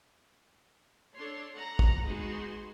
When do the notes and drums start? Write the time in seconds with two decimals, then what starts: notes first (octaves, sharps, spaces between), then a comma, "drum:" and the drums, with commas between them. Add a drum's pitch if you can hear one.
1.16 D4 A4 C#5 C6
1.55 F#5 A#5
1.79 drum: kick
2.05 G#3 B3 D#4 F#4 G#4 C6